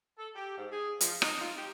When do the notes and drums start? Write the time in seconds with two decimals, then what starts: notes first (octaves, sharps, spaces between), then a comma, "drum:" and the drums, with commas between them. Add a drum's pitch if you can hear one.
0.18 A4
0.35 G4
0.57 G#2
0.72 G#4
1.01 F3, drum: hi-hat
1.22 D#4, drum: rim click
1.41 F4
1.57 G4